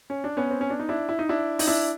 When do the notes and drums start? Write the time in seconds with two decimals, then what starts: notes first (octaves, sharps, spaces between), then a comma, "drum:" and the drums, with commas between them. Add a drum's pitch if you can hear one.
0.10 C#4
0.24 D4
0.37 B3 C#4
0.51 C4
0.61 C#4
0.70 D4
0.79 D#4
0.89 D4 E4
1.09 E4
1.19 D#4
1.29 D4 E4
1.59 D#4, drum: open hi-hat
1.67 D4 E4